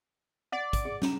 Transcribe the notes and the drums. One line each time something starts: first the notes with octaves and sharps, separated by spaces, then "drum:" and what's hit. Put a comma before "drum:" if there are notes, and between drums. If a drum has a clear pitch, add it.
D5 F#5
drum: kick, hi-hat
G#4
C#4 A#5, drum: snare